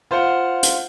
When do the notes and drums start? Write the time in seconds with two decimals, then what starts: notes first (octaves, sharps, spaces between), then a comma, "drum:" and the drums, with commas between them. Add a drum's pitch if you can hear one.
0.11 F4 C5 F5 F#5
0.63 drum: hi-hat